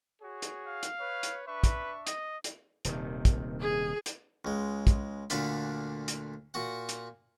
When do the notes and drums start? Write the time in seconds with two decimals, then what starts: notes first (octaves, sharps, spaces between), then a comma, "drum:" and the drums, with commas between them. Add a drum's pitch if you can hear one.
0.22 F#4 G#4 C#5
0.42 drum: hi-hat
0.68 F5
0.83 drum: hi-hat
0.99 B4 C#5
1.23 drum: hi-hat
1.47 D4 B4 E5 C#6
1.64 drum: kick, hi-hat
2.07 D#5, drum: hi-hat
2.44 drum: hi-hat
2.85 D#1 C3 D#3, drum: hi-hat
3.25 drum: kick, hi-hat
3.61 G#4
4.06 drum: hi-hat
4.45 C#2 G#3
4.87 drum: kick, hi-hat
5.30 D2 A#2 D3 D4 F5 B5, drum: hi-hat
6.08 drum: hi-hat
6.54 A#2 F#4 F#5
6.89 drum: hi-hat